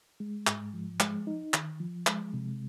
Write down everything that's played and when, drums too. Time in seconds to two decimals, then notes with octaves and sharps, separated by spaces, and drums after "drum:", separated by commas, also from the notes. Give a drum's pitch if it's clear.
0.20 G#3
0.47 G#2, drum: clap
0.74 F3
1.00 G#3, drum: clap
1.27 D#4
1.54 D#3, drum: clap
1.80 F3
2.07 G#3, drum: clap
2.33 C3